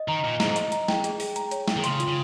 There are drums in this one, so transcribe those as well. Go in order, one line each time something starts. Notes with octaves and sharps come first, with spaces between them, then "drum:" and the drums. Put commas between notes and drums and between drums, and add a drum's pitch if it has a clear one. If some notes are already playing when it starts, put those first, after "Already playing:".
Already playing: D#5
D#3 A#5
A#2 D#5
G#2 A#5, drum: snare
D#5, drum: hi-hat
A#5, drum: hi-hat
G5, drum: snare
G#4, drum: hi-hat
G#4, drum: open hi-hat
A#5, drum: hi-hat
C#5, drum: hi-hat
G5, drum: snare
D#3
C#3 C6, drum: hi-hat
F4, drum: hi-hat
C#3